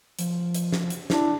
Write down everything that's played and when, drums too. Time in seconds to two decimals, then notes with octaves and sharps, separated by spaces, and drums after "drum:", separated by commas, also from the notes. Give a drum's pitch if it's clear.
0.19 F3, drum: hi-hat
0.55 drum: hi-hat
0.72 drum: snare
0.90 drum: hi-hat
1.10 D4 E4, drum: snare